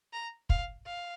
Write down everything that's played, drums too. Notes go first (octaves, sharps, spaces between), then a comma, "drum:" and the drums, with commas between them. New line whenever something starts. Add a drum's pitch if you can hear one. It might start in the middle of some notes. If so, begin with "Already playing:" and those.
A#5
F5, drum: kick
F5